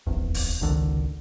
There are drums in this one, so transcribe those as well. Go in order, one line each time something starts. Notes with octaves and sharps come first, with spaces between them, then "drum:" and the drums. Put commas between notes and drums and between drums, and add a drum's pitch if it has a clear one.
D1 G#1 E2
drum: open hi-hat
G#1 C#2 D3 D#3